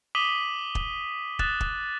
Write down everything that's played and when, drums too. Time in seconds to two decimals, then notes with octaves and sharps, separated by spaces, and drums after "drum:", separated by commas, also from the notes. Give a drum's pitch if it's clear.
0.15 D6 D#6 B6 D#7 F#7 G7
0.75 drum: kick
1.39 D#6 F#6 A6 E7, drum: kick
1.60 drum: kick